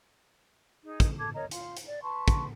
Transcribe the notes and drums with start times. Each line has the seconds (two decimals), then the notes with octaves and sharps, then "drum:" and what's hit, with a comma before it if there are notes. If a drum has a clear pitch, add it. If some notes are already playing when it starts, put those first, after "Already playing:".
0.83 D#4 G#4
1.00 drum: kick, hi-hat
1.19 A4 A5 D6 G#6
1.34 A#4 C#5 D#5 A#5
1.51 F4 C6, drum: hi-hat
1.77 drum: hi-hat
1.86 D5
2.02 B4 A5 C6 C#6
2.28 drum: kick, hi-hat